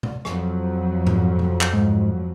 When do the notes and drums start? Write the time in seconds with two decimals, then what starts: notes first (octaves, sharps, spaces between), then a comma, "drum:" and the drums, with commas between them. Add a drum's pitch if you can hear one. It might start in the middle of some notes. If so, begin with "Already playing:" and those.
0.03 drum: tom B2
0.25 F2 F3 F#3, drum: rim click
1.07 drum: tom G#2
1.39 drum: tom B2
1.61 drum: clap
1.73 G#2